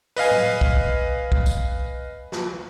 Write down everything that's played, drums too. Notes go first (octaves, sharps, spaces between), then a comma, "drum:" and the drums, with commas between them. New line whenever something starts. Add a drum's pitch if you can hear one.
B4 D#5 F5 G#5, drum: open hi-hat
drum: tom A2
drum: kick
drum: kick
drum: tambourine
drum: snare